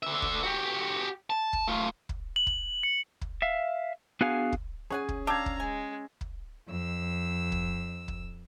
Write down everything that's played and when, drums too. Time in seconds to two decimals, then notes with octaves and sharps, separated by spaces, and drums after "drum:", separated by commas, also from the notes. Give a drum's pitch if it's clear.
0.03 D3 E5
0.22 drum: kick
0.43 F#4 G4
1.30 A5
1.53 drum: kick
1.68 A3 F4
2.09 drum: kick
2.36 F#7
2.47 drum: kick
2.83 C#7
3.21 drum: kick
3.42 E5 F5
4.21 B3 D4 F#4 G#4 F5 G#5
4.52 drum: kick
4.90 C#4 G#4 C#5 F#5 G#5
5.09 drum: kick
5.27 D4 G4 F5 A#5 E6 G#6
5.46 drum: kick
5.60 G#3 G#5
6.21 drum: kick
6.67 F2 E6
7.52 drum: kick
8.08 drum: kick